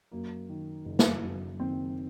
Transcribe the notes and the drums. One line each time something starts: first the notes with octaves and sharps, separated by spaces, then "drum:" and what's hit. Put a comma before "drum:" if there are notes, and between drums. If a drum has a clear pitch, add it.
F#2 A#3
D#3
F#1
drum: snare
F#2
D#3 C4